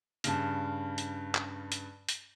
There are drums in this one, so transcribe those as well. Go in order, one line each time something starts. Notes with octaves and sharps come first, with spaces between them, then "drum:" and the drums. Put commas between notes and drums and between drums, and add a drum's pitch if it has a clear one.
G2 C#3 A5 F6, drum: hi-hat
drum: hi-hat
drum: clap
drum: hi-hat
drum: hi-hat